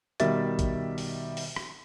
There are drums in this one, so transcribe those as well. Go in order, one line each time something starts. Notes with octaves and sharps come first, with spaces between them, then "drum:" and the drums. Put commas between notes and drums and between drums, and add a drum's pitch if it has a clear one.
B2 D#3 G3 E5 A6, drum: hi-hat
drum: kick A1, hi-hat
drum: open hi-hat
drum: open hi-hat
drum: rim click